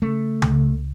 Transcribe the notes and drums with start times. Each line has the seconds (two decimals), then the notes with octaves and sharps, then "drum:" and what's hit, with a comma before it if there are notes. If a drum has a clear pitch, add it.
0.02 C#3 A3
0.42 C#2, drum: tom C#3